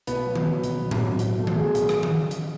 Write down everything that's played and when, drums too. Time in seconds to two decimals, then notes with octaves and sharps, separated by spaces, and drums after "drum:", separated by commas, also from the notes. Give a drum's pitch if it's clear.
0.07 B2 B3, drum: hi-hat
0.26 F#3
0.35 drum: tom D#3
0.45 F#3
0.64 B2, drum: hi-hat
0.82 B2
0.91 drum: tom A2
1.01 F#3
1.19 F#3, drum: hi-hat
1.38 B2 A3
1.47 drum: tom D#3
1.56 B2 G#4
1.75 F#3 G#4, drum: hi-hat
1.89 drum: rim click
2.03 drum: tom D#3
2.31 drum: hi-hat